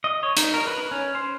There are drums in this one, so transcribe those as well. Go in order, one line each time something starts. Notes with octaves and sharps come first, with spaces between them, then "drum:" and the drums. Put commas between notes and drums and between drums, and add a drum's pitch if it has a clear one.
D#5
C#5
D#4, drum: hi-hat
A#4
B4
C#4
C5